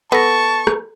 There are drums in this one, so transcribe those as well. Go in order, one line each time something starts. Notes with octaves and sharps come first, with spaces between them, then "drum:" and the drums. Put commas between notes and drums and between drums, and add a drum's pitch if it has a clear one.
B3 A4 A5 C#6 A#6
drum: rim click